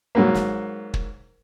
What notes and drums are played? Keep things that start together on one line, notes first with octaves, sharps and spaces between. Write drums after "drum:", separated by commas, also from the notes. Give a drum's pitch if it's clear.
G#2 F#3 A#3
drum: snare
drum: kick